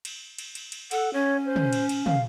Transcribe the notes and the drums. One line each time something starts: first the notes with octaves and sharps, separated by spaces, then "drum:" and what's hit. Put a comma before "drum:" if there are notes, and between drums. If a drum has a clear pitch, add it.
drum: cymbal
drum: cymbal
drum: cymbal
drum: cymbal
A4 F#5, drum: cymbal
C#4 C#5
C5
drum: tom
drum: cymbal
drum: cymbal
F5, drum: tom